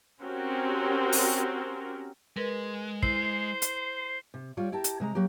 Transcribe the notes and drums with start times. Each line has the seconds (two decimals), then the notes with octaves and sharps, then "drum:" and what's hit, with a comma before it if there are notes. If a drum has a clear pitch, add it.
0.22 C4 C#4 F#4 G4 A#4
1.12 drum: open hi-hat
2.37 G#3 A#4 B4
3.03 E4 C5 C7, drum: kick
3.62 drum: hi-hat
4.34 C3
4.57 G3 F4 C#5 D5
4.72 E4 G4 A#4 A5
4.84 drum: hi-hat
5.00 C3 G#3 E5 A#5
5.15 F#3 A#3 G4